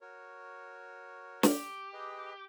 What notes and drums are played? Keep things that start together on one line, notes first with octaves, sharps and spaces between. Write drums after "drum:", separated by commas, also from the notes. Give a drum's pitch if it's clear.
F#4 A#4 C#5
G4, drum: snare
G#4 B4 D#5